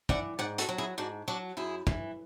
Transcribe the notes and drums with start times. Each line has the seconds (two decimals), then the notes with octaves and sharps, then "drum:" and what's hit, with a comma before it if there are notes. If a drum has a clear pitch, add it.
0.09 E3 D5 F#5, drum: kick
0.39 G#2 D5 F#5
0.58 F#4 A4, drum: hi-hat
0.69 F#3
0.78 E4 G#4
0.98 G#2 D4 F#4
1.28 F#3 D4 F#4
1.57 F#2 E4 G#4
1.87 E3, drum: kick